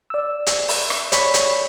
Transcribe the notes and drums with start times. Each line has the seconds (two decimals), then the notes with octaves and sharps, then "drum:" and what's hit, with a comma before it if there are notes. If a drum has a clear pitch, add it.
0.10 D5 E6
0.46 drum: hi-hat
0.68 drum: open hi-hat
0.90 drum: rim click
1.12 C#5 D5 B5 C#6 B6, drum: hi-hat
1.34 drum: hi-hat